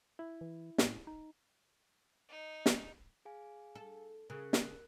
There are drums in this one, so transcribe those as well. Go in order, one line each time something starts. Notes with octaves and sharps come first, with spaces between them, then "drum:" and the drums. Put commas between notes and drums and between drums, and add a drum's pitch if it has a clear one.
E4
E3
A2, drum: snare
D#4
D#4
drum: snare
G#4 F5 G#5
A4
C#3 A#4 F#6
drum: snare